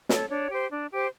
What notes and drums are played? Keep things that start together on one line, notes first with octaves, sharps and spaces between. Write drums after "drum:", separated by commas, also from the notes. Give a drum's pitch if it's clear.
A4 C#5, drum: snare
D4 C#5
G4 C5
D4
G4 C5